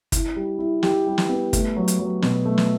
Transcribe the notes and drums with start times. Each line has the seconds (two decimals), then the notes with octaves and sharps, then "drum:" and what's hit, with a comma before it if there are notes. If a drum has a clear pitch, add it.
0.12 E4, drum: kick G1, hi-hat
0.36 G3
0.59 E4
0.83 G4, drum: snare
1.07 G3
1.18 drum: snare
1.29 B3
1.53 A3, drum: kick G1, hi-hat
1.77 F#3
1.88 drum: hi-hat
1.99 F#3
2.22 B2, drum: snare
2.45 A3
2.58 drum: snare